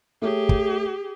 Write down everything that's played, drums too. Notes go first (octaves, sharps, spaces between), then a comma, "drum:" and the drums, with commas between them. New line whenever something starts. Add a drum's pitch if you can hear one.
A3 G4 G#4 C#5
drum: kick